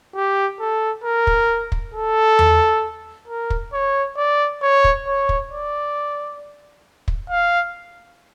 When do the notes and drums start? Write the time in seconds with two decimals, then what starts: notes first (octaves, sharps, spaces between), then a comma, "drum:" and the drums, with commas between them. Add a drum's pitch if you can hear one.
0.16 G4
0.60 A4
1.04 A#4
1.27 drum: kick
1.72 drum: kick
1.94 A4
2.39 drum: tom E2
3.28 A#4
3.50 drum: kick
3.73 C#5
4.17 D5
4.62 C#5
4.84 drum: kick
5.07 C#5
5.29 drum: kick
5.51 D5
7.08 drum: kick
7.30 F5